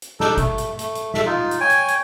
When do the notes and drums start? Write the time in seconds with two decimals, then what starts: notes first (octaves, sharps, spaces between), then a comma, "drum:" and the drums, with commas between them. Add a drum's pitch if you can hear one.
0.02 drum: hi-hat
0.20 D4 D#4 A4, drum: snare
0.37 A3, drum: kick, hi-hat
0.58 drum: hi-hat
0.79 A3, drum: hi-hat
0.95 drum: hi-hat
1.14 A4 E5, drum: snare
1.26 D#4 F4
1.51 drum: hi-hat
1.60 C#5 G5 G#5
1.70 drum: hi-hat
1.88 drum: hi-hat